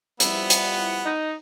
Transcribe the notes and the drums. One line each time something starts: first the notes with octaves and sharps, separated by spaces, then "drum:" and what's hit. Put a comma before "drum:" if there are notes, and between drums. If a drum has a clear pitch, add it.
F3 G3 B3 E4 E5, drum: hi-hat
F#5, drum: hi-hat
D#4